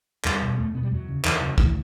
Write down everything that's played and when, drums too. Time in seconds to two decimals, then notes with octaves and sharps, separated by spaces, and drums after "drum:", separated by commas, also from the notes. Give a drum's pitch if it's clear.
0.25 E2 G3, drum: clap
0.42 B2
0.58 E2 A3
0.74 B2 B3
0.83 G3
0.91 E2 F#3
1.08 C#3
1.24 E2 E3, drum: clap
1.41 C#3 F#3
1.58 D2 E3, drum: kick